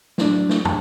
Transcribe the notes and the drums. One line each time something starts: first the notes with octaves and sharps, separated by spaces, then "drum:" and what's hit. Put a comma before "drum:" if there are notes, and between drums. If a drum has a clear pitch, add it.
F#3 D4, drum: snare
drum: snare
drum: tom